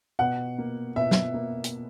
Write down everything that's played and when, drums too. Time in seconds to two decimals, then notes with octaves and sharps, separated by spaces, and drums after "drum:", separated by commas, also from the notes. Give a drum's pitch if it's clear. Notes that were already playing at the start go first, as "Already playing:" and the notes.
0.19 B2 F#5
0.58 A#3
0.96 B2 E5
1.11 drum: snare
1.34 A#3
1.64 drum: hi-hat